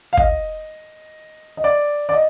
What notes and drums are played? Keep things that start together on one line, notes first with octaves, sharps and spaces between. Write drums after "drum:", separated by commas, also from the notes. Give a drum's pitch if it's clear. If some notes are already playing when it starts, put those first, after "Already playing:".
F5
D#5, drum: kick
D#5
D5
D5
D#5